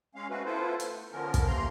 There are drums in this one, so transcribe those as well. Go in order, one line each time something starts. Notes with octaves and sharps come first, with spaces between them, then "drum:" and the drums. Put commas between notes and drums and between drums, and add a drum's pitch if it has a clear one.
G#3 C#4 F5
G#3 A3 C4 C#4 F#4 B4
B3 E4 F4 A4 B4 C5
A3, drum: hi-hat
D3 F3 B3 C#4 A#4
drum: kick, hi-hat
D#2 A3 A#3 A#5 C6